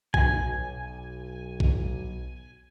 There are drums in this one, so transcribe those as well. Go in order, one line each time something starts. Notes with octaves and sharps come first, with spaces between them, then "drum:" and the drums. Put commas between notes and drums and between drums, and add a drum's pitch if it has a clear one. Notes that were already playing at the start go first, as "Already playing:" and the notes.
B1 G#5, drum: kick
drum: kick